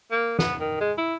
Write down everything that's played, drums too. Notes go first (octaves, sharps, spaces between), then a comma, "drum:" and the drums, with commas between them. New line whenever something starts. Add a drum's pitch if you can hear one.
A#3
B3, drum: snare
D#3
G#3
E4